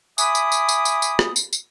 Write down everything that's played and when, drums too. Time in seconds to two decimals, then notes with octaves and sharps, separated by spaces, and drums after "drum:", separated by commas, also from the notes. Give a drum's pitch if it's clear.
0.18 E5 G#5 B5 D6 D#6, drum: tambourine
0.35 drum: tambourine
0.52 drum: tambourine
0.68 drum: tambourine
0.85 drum: tambourine
1.02 drum: tambourine
1.19 drum: rim click
1.36 drum: tambourine
1.53 drum: tambourine